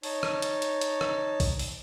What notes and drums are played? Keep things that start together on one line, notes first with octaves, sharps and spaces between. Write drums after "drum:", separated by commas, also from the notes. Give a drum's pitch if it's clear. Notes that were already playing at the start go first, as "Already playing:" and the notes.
D#4 C#5 A5, drum: open hi-hat
drum: rim click
drum: hi-hat
drum: hi-hat
drum: hi-hat
drum: rim click
drum: kick, open hi-hat
drum: open hi-hat